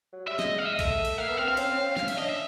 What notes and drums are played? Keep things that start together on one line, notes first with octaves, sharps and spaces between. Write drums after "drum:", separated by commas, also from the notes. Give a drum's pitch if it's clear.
F#3
G3 E5
G#3 D#5, drum: snare
F5
E5
D#5
A3 E5, drum: kick, cymbal
drum: cymbal
A#3 F5
B3 E5
C4 F5
C4 F5
C#4, drum: cymbal
C4
C#4
C#4 F5, drum: snare
E5, drum: cymbal
D4 D#5
E5